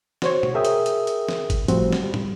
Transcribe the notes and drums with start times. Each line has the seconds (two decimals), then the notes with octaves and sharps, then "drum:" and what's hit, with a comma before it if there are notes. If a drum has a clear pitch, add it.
0.22 F#4 C5 C#5, drum: snare
0.43 drum: tom
0.54 G#4 A#4 E5 G5 D#6
0.65 drum: hi-hat
0.86 drum: hi-hat
1.07 drum: hi-hat
1.29 drum: snare
1.50 drum: kick G1, hi-hat
1.68 A2 F3 G3 C4 F#4, drum: hi-hat
1.93 drum: snare
2.03 G3
2.14 drum: tom